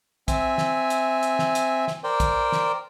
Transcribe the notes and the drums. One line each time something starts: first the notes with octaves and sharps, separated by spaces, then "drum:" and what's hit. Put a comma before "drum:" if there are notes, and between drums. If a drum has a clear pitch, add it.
C4 E5 G#5, drum: kick, hi-hat
drum: snare
drum: hi-hat
drum: hi-hat
drum: snare
drum: hi-hat
drum: snare
A#4 C5 D5 G5
drum: kick, hi-hat
drum: snare